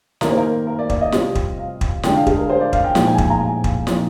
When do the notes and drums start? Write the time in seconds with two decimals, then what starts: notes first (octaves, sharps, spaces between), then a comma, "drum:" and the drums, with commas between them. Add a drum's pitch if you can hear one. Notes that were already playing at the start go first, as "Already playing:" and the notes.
0.21 D#3 A#3 D#4 A#4, drum: snare
0.29 C5
0.37 A#4
0.67 A#4
0.79 D5
0.90 D5, drum: kick
1.01 D#5
1.12 C3 G3 C4 F4, drum: snare
1.35 drum: kick
1.58 F5
1.81 drum: kick
2.03 D3 G#3 D4 F4 G5, drum: snare
2.15 F5
2.27 G#4, drum: kick
2.38 A#4
2.50 C5
2.61 D5
2.73 F5, drum: kick
2.84 G5
2.95 A#2 F3 G#3 D#4 G5, drum: snare
3.07 G#5
3.18 G#5, drum: kick
3.30 A#5
3.41 G#5
3.64 drum: kick
3.87 A#2 F3 C4 D#4, drum: snare